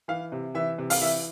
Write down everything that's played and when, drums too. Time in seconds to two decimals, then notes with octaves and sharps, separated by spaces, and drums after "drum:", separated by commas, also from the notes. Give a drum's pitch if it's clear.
0.08 E3 F5
0.32 C3
0.54 E3 E5
0.78 C3
0.90 F5, drum: open hi-hat
1.01 E3 E5